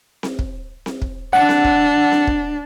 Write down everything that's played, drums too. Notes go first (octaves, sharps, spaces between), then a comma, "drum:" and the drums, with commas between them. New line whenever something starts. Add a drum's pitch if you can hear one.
drum: snare C4
drum: kick
drum: snare C4
drum: kick
D4 F#5
drum: snare C4
drum: kick
drum: snare C4
drum: kick